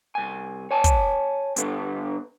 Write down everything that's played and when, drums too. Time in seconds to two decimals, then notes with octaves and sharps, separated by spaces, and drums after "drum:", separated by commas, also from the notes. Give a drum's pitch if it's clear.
0.15 C2 G#5
0.71 C#5 G#5 A5
0.84 drum: kick, hi-hat
1.56 G2 D3 B3, drum: hi-hat